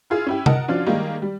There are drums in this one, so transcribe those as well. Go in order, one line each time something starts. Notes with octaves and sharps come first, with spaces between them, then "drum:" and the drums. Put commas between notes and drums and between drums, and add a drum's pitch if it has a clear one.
E4 F4 G#4
C#4 E4 G4
A#4 D#5 F#5 A5, drum: tom C3
F3 C#4 D4 F4 F#4
D#3 G3 G#3 A#3 D#4
G3